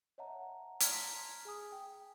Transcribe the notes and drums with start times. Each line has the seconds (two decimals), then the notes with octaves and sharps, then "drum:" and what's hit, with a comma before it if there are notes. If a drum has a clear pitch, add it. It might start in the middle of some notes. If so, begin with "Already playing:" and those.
0.18 C#5 D#5 E5 F#5 A5 A#5
0.80 A5 A#5 C6 F6 G#6 B6, drum: hi-hat
1.45 G#4 G#5 D#6
1.72 G5